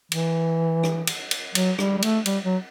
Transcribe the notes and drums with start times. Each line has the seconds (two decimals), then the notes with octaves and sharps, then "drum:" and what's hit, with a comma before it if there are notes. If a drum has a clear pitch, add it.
0.12 E3, drum: cymbal
0.83 drum: rim click
1.07 drum: cymbal
1.31 drum: cymbal
1.55 F#3, drum: cymbal
1.79 G3, drum: rim click
1.98 G3
2.02 A3, drum: cymbal
2.26 G3, drum: cymbal
2.44 F#3